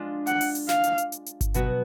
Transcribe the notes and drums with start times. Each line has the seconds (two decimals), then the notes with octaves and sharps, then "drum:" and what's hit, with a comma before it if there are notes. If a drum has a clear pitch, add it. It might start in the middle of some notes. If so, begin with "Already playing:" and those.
Already playing: G#3 D4 F4
0.27 F#5, drum: hi-hat
0.41 drum: open hi-hat
0.55 drum: hi-hat
0.69 F5, drum: snare
0.84 drum: hi-hat
0.98 drum: hi-hat
1.12 drum: hi-hat
1.26 drum: hi-hat
1.41 drum: kick G1, hi-hat
1.54 B2 F#3 B3 F#4, drum: hi-hat